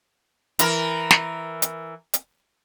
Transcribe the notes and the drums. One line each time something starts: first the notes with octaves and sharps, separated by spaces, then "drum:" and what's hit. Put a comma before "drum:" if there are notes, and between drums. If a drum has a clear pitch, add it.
E3 A#4, drum: hi-hat
drum: snare
drum: hi-hat
drum: hi-hat